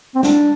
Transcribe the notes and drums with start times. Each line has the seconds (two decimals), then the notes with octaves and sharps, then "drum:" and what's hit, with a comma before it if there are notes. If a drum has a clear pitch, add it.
0.15 C4
0.23 D4, drum: snare